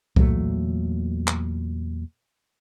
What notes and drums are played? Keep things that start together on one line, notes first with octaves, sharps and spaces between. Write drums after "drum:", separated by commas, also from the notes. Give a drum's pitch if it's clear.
E2 A#2 F#3 A3, drum: kick C2
drum: clap